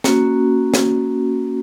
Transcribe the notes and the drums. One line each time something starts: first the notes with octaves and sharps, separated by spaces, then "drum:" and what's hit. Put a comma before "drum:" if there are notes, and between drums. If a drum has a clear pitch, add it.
A#3 C#4 F#4, drum: snare
drum: snare